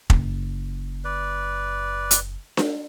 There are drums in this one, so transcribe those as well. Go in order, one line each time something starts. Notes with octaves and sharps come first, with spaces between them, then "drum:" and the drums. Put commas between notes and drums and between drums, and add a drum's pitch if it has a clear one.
F#1, drum: kick
B4 D5
drum: hi-hat
drum: snare D4